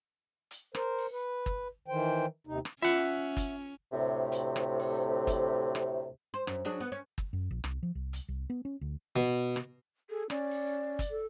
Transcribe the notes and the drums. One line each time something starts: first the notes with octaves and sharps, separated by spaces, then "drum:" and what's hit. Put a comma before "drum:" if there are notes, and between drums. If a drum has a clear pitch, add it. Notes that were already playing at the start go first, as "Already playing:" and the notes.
drum: hi-hat
A#4 C5, drum: rim click
drum: open hi-hat
B4
drum: kick
D#3 E3 C5 G5
D#2 C3 D#4
drum: rim click
C#4 F4 E5 F#5
drum: kick, hi-hat
D2 A2 C3
drum: hi-hat
drum: rim click
drum: open hi-hat
drum: kick, hi-hat
drum: rim click
C5
F#2, drum: rim click
F#3 D4 G#4
B3
C#4
drum: kick
F#2
A#1
C2, drum: rim click
F3
C2
drum: hi-hat
C2
B3
C#4
D2
B2
drum: rim click
G#4 A4
C#4 D5, drum: rim click
drum: open hi-hat
drum: kick, hi-hat
A4